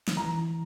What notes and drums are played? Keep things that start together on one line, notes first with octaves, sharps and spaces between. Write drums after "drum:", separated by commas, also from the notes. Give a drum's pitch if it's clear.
drum: snare
E3 A#5